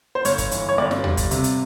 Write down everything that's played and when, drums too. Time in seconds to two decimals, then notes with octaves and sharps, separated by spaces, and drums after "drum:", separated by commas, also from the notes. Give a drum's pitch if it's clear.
0.15 C5
0.25 G1 C#5, drum: hi-hat
0.38 drum: kick, hi-hat
0.51 E3, drum: hi-hat
0.69 C#5
0.78 G1 D5
0.91 drum: snare
1.04 G3, drum: tom D#2
1.17 drum: kick, hi-hat
1.31 C3, drum: hi-hat
1.44 drum: hi-hat